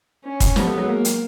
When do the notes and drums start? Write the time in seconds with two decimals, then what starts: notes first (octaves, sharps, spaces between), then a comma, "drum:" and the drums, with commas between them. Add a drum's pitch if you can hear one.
0.24 C#4
0.40 drum: kick, hi-hat
0.56 F3 G3 B3, drum: snare
0.67 G3 A3
0.78 F#3 G#3
0.88 A#3
1.05 drum: hi-hat